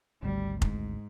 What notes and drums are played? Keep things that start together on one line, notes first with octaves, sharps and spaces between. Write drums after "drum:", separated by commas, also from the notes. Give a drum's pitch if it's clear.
G#1 D2 G3
G#2, drum: kick